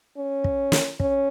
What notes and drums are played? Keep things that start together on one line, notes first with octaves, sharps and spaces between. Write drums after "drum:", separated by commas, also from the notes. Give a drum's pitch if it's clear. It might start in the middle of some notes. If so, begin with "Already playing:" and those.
C#4
drum: kick
drum: snare
C#4, drum: kick